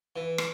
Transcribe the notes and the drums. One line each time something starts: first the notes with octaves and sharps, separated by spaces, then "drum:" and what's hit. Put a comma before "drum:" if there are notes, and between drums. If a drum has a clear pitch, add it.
E3
drum: rim click